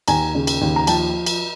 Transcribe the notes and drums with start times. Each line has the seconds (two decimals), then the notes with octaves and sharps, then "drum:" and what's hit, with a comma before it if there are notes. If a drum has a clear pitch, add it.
0.08 D#2 G#5 A#5, drum: cymbal
0.35 C#3
0.47 drum: cymbal
0.61 D#2
0.76 A#5
0.87 F3 G5 A5, drum: cymbal
1.26 drum: cymbal